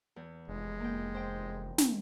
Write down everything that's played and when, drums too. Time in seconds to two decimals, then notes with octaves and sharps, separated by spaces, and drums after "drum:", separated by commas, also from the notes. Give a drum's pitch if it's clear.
0.16 E2
0.48 F1 G#3
0.80 A#3 G5
1.14 C5 G5
1.78 drum: snare